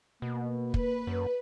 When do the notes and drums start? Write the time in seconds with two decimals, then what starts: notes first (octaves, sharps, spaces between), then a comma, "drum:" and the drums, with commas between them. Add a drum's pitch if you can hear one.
0.22 B2 A#3
0.74 B4, drum: kick
1.07 F#2